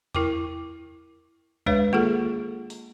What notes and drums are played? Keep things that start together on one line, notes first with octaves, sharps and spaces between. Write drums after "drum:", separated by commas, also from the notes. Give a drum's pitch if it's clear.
E4 A#4 G5 D6, drum: tom E2
G#3 D4 B4 C#5 F5, drum: kick C2
A#3 F4 G#4 A4, drum: tom D#3
drum: open hi-hat